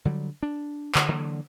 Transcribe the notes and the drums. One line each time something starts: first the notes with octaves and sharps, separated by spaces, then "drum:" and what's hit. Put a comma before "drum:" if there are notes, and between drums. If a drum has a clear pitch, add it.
D3 F#3 G3
D4
D3, drum: clap
D3 E3 F#3 A#3